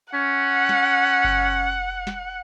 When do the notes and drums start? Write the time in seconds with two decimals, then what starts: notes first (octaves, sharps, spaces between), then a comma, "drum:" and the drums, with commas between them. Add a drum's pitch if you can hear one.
0.14 C#4 F#5
0.69 drum: snare
1.24 drum: kick F#1
2.07 drum: snare